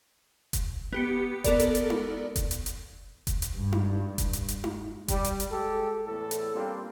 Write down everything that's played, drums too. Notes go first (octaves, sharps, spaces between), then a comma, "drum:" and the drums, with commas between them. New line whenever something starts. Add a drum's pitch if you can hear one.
drum: kick F1, hi-hat
B3 G4 C#7
B3 A4 A#4 D5, drum: kick F1, hi-hat
drum: hi-hat
drum: hi-hat
drum: tom D#4
drum: kick F1, hi-hat
drum: hi-hat
drum: hi-hat
drum: kick F1, hi-hat
drum: hi-hat
G2
drum: tom D#4
drum: kick F1, hi-hat
drum: hi-hat
drum: hi-hat
drum: tom D#4
G3, drum: kick F1, hi-hat
drum: hi-hat
drum: hi-hat
G#3 G4 A4
E2 A2 A4
drum: hi-hat
G3 A#3 C4 D4 F4